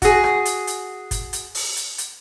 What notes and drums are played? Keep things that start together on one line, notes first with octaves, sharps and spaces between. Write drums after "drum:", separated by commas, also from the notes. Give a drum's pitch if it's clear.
F#4 G#4, drum: kick, hi-hat
drum: rim click
drum: hi-hat
drum: hi-hat
drum: kick, hi-hat
drum: hi-hat
drum: open hi-hat
drum: hi-hat
drum: hi-hat